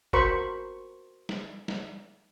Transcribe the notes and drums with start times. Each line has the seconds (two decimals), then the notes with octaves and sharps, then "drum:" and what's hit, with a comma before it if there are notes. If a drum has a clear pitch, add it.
0.13 F#4 A#4 C5 B5 C#6, drum: kick F#1
1.29 drum: snare
1.68 drum: snare